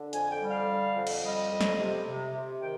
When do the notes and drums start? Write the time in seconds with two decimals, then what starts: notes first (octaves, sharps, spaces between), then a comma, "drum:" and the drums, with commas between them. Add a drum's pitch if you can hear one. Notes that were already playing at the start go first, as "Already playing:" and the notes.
Already playing: D3
0.13 F2 G#5, drum: hi-hat
0.31 G5
0.41 G3
0.50 F5
0.68 D3
0.96 F2
1.07 drum: cymbal
1.23 G3 D#5
1.51 F2
1.61 drum: snare
1.79 C3
2.06 C3
2.34 C3
2.62 D#3 G5